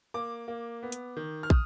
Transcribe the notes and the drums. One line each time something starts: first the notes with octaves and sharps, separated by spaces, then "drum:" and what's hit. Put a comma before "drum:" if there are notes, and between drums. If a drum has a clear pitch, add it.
A#3 D6
A#3
B3
drum: hi-hat
D#3
F6
D#6, drum: kick